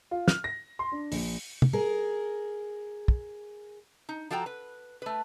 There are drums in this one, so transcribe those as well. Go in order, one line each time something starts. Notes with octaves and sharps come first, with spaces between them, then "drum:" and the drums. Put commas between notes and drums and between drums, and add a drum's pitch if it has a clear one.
F4
F6, drum: snare
A#6
C6
D4
A#1, drum: open hi-hat
drum: tom
G#4 A#4
drum: kick
D#4
F3 F#4 A4 G5 A#5
B4
A3 B4